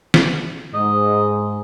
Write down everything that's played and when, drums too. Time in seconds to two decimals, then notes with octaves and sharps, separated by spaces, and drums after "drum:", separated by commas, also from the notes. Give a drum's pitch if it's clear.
0.14 drum: snare
0.74 G#2 D#5